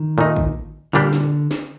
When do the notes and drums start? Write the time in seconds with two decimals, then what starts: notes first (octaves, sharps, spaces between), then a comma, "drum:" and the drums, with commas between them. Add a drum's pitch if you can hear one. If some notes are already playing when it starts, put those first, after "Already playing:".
Already playing: D#3
0.18 A#2 A3 D#4
0.36 drum: kick
0.93 A#2 D3 G3 D4 G4
1.13 drum: snare
1.51 drum: snare